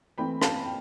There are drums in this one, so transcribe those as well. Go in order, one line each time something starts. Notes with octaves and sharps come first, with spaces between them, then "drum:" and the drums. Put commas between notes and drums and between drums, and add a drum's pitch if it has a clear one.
E3 A3 C4 G5 B5
F5 A5, drum: rim click
G5